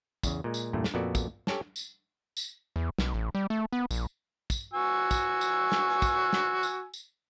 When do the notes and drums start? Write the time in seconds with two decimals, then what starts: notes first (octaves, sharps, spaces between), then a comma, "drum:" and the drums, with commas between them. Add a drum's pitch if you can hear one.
0.23 E2 C#3, drum: kick, tambourine
0.44 A#2 G#3
0.54 drum: tambourine
0.73 E2 G2 A#2 A3
0.84 drum: snare
0.94 F2 A#2 B3 F#4 A4 D5
1.15 drum: kick, tambourine
1.47 G4 A4 C#5 G#5 A5, drum: snare
1.76 drum: tambourine
2.37 drum: tambourine
2.76 E2
2.98 B1, drum: snare
3.14 A1
3.35 G3
3.50 A3
3.73 B3
3.91 A#1, drum: tambourine
4.50 drum: kick, tambourine
4.73 F#4 G#5 E6
5.11 drum: kick, tambourine
5.41 drum: tambourine
5.72 drum: snare
6.02 drum: kick, tambourine
6.33 drum: snare
6.63 drum: tambourine
6.94 drum: tambourine